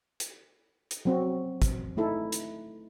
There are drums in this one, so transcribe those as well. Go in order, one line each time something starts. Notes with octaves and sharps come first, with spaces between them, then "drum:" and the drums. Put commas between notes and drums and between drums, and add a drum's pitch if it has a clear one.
drum: hi-hat
drum: hi-hat
F#3 C4 F#4
drum: kick, hi-hat
A3 D#4 E4 A4
drum: hi-hat